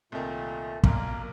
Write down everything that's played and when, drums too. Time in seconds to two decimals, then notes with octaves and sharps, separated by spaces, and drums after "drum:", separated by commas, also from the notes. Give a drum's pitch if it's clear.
0.12 C2 A#2 D#3 A3
0.83 B1 A#2 A#3, drum: kick